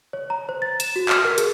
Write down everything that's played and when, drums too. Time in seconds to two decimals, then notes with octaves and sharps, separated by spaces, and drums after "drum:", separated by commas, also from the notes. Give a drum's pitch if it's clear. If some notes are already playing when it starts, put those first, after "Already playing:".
0.13 C#5
0.30 A#5
0.49 C5
0.62 A6
0.80 E7, drum: hi-hat
0.96 F#4
1.09 F6, drum: clap
1.25 A#4
1.38 G#4, drum: hi-hat